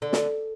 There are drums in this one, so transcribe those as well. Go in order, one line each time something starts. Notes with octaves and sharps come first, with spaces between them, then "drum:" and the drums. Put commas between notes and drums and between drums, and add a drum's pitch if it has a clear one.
D3
drum: snare